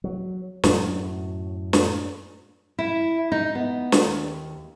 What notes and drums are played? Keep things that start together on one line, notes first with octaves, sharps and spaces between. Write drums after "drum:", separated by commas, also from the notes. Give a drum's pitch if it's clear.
F#3
F#2 A2 F#3, drum: snare
drum: snare
E4
D#4
B3
drum: snare
D#2